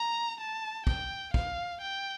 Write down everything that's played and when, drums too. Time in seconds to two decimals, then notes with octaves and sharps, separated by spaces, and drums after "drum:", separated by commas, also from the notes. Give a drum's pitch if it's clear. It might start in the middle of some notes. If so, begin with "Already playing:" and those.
Already playing: A#5
0.41 A5
0.87 G5, drum: kick
1.34 F5, drum: kick
1.82 G5